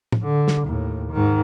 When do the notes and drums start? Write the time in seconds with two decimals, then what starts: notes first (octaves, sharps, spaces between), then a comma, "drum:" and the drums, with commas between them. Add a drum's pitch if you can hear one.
0.12 drum: tom A2
0.24 D3
0.48 drum: snare
0.64 D#2 A2
1.12 G#2 D#3